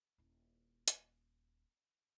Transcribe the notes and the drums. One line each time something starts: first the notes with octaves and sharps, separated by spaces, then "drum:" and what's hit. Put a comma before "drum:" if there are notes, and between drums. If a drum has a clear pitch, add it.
D#1 E4
drum: hi-hat